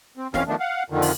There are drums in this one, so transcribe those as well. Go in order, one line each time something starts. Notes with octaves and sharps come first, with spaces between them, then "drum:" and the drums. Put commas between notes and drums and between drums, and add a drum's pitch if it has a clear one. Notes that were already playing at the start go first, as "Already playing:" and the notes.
C4
F2 E3 C4 C#4 F5, drum: snare
D#3 F3 A3 B3 D4
F5 F#5
F2 A#2 D3 D#3
drum: open hi-hat